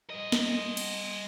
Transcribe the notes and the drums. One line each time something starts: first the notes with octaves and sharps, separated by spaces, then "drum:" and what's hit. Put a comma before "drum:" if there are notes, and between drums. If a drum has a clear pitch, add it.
G3 D#5
drum: snare
drum: cymbal